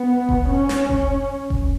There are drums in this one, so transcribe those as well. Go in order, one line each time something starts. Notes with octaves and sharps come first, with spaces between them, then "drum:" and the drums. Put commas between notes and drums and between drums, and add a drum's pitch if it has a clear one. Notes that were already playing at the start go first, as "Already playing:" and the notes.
Already playing: B3
drum: kick F1
C#4
drum: snare
drum: kick F1
drum: kick F1